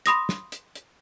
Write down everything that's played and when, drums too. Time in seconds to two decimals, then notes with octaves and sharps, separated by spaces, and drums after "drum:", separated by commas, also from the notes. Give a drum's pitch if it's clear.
0.06 B5 C6 D#6 A#6, drum: hi-hat
0.29 drum: snare
0.52 drum: hi-hat
0.75 drum: hi-hat